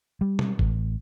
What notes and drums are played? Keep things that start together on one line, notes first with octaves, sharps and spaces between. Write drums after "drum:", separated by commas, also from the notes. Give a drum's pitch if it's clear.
G3
drum: tom B2
A1, drum: kick G#1